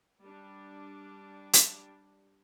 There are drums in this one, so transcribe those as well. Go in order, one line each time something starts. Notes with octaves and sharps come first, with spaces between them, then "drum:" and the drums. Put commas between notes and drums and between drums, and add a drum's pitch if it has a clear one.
G3 D4
drum: hi-hat